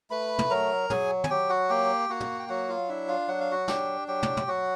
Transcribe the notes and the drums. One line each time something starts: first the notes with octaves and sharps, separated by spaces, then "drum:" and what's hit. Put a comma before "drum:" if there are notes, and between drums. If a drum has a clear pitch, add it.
A3 B4 B5
drum: tom
F#3 A#4 A#5
F#3 G#4 G#5, drum: tom
G#5, drum: tom
F#3 G4 G5
F#4 F#5
A#3 G4 G5
A#3 F#4 F#5
drum: tom
G5
F#3 F#4 F#5
F4 F5
D4 E4 E5
F4 F5
F#3 F#5
F5
F#4 F#5
D4 G4 G5, drum: snare
F#3 G4 G5
drum: tom
drum: tom
F#3 F#4 F#5